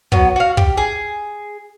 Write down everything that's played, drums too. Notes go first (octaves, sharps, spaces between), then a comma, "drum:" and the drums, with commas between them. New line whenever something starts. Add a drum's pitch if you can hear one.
F#3 B3, drum: kick
F#4 F5
G4, drum: kick
G#4